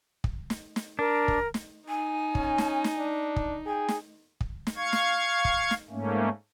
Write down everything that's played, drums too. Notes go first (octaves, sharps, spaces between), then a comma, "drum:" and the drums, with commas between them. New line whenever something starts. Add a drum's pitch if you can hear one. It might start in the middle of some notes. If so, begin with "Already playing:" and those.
drum: kick
drum: snare
drum: snare
D4 A#4
drum: kick
drum: snare
D#4 G#5
C#4, drum: kick
drum: snare
drum: snare
D4
drum: kick
G#4 G5
drum: snare
drum: kick
drum: snare
F5 C#6 G#6
drum: snare
drum: kick
drum: snare
G#2 A3 A#3 C#4